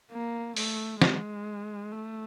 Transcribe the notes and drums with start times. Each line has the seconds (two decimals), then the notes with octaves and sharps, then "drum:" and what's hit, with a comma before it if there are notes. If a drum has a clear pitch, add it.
0.11 A#3
0.57 A3, drum: open hi-hat
1.02 G#3, drum: snare
1.92 A3